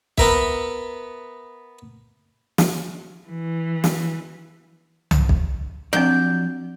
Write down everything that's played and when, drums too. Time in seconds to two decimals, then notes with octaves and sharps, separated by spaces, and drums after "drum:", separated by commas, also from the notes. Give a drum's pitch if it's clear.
0.18 B3 A#4 E5, drum: kick B1
2.58 drum: snare
3.28 E3
3.84 drum: snare
5.11 drum: tom C2
5.29 drum: kick B1
5.93 F3 F#3 C4 D4 D5 G6